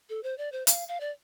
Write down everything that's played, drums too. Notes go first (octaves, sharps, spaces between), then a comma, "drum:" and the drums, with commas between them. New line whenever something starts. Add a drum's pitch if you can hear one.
A4
C5
D5
C5
F5, drum: hi-hat
F5
D5